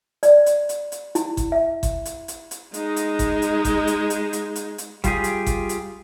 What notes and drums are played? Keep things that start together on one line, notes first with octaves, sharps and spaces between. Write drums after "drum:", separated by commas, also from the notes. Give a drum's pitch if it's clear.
D5, drum: hi-hat
drum: hi-hat
drum: hi-hat
drum: hi-hat
E4, drum: hi-hat
drum: kick G1, hi-hat
E5
drum: kick G1, hi-hat
drum: hi-hat
drum: hi-hat
drum: hi-hat
G#3 D#4, drum: hi-hat
drum: hi-hat
drum: kick G1, hi-hat
drum: hi-hat
drum: kick G1, hi-hat
drum: hi-hat
drum: hi-hat
drum: hi-hat
drum: hi-hat
drum: hi-hat
G3 F4 G4 G#4, drum: kick G1, hi-hat
drum: hi-hat
drum: kick G1, hi-hat
drum: hi-hat